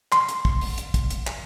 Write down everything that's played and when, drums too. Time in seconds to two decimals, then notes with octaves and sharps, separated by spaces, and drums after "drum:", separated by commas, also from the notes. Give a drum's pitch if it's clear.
0.12 C6, drum: clap
0.29 drum: hi-hat
0.45 drum: kick
0.61 drum: open hi-hat
0.78 drum: hi-hat
0.94 drum: kick, hi-hat
1.10 drum: hi-hat
1.27 drum: clap